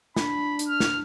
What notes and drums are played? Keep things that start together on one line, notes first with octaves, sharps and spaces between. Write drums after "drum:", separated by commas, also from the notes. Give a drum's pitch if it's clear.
D4 B5, drum: snare
drum: hi-hat
F6
drum: snare